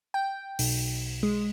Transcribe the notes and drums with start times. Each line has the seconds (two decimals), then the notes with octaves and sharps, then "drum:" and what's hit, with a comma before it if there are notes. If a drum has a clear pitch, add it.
0.14 G5
0.59 B1, drum: open hi-hat
1.23 G#3